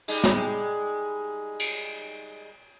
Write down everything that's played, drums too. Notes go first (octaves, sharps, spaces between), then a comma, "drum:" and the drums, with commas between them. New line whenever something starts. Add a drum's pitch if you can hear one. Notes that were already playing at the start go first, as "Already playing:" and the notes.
G3 G#3 D#4, drum: tambourine
drum: snare
drum: cymbal